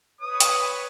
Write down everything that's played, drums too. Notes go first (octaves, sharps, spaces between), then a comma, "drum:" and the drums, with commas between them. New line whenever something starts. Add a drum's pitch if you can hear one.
B4 C#5 D#6
drum: hi-hat